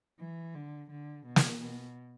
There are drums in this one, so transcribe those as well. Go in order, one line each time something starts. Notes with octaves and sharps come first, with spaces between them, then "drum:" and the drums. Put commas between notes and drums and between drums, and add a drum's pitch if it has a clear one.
E3
D3
D3
B2
drum: snare
B2